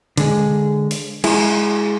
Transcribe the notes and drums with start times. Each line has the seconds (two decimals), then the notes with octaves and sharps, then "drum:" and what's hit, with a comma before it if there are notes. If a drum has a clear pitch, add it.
0.17 D3 G#3, drum: hi-hat
0.91 drum: open hi-hat
1.24 G#3 E4, drum: cymbal